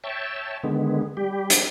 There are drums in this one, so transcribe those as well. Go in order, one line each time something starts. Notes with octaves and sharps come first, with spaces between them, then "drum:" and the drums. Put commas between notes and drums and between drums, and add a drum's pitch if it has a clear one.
C#5 E5 G5 A5
D3 D#3 G#3 B3
G3 G4
drum: hi-hat